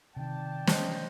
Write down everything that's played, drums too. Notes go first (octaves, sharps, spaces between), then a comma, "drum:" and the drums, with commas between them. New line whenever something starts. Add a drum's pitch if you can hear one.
C3 D#3 D5 G5 A5
C5 D#5, drum: snare